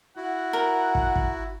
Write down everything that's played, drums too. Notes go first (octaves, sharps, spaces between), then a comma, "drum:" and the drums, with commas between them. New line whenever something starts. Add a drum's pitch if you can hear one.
E4 F#4 F#5
A#4
drum: kick
drum: kick